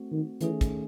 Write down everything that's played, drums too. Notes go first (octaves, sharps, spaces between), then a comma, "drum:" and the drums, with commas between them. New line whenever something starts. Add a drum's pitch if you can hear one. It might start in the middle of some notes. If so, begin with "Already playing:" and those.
Already playing: A3 C4 F#4
D#3
D#3 E3 A3 C#4 G#4, drum: hi-hat
drum: kick, hi-hat